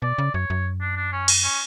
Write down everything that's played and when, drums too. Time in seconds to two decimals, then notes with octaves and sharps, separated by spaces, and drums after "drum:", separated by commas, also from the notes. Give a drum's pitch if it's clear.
0.02 B2 D5
0.18 C#3
0.34 F#2 C#5
0.50 F#2
0.81 D4
0.97 D4
1.12 C#4
1.28 drum: cymbal
1.43 C#4